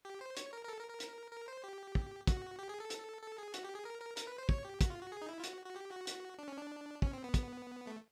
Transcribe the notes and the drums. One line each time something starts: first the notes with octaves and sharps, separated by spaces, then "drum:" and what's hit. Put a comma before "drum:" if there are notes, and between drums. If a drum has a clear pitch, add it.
G4
C5
C#5, drum: hi-hat
A#4
A#4
A4
A#4
A#4
drum: hi-hat
A#4
C5
G4
drum: kick
F#4, drum: kick, hi-hat
G4
G#4
A4
drum: hi-hat
A4
G#4
F#4, drum: hi-hat
G4
G#4
A#4
A#4
A#4, drum: hi-hat
B4
C5
C#5, drum: kick
G4
F#4, drum: kick, hi-hat
F4
F#4
G#4
D#4
E4
F4
F#4, drum: hi-hat
F#4
G4
F#4
drum: hi-hat
D4
C#4
D4
C#4, drum: kick
C4
B3
drum: kick, hi-hat
A3